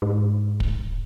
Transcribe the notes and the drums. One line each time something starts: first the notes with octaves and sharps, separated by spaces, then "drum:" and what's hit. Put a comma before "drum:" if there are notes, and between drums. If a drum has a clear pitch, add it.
G#2
drum: kick